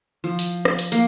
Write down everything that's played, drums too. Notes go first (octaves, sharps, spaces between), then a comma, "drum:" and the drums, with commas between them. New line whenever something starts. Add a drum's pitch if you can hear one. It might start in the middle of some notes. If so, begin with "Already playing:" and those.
F3
drum: hi-hat
drum: rim click
drum: hi-hat
A#3, drum: hi-hat